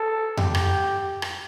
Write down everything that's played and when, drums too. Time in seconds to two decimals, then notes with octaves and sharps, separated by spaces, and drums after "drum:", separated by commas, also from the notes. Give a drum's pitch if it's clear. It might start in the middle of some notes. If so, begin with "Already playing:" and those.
Already playing: A4
0.37 G4, drum: tom F2
0.55 drum: rim click
1.22 drum: rim click